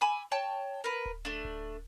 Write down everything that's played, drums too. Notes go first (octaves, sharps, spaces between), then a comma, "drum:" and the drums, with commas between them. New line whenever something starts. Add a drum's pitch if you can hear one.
G#5 B5 D6 E6
C#5 G5 A5
A#4 B4
drum: kick D1
A3 D4
drum: kick D1